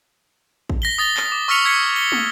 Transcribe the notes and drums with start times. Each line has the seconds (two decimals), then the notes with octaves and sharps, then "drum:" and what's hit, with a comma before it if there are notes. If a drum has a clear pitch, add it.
0.70 drum: kick
0.82 A#6 B6 G7
0.98 D#6 A6 A#6 G7
1.17 drum: clap
1.32 D6
1.48 C#6 E6 F6 B6 C#7 F7
1.65 E6 G#6 B6 C#7
1.96 G7
2.12 drum: tom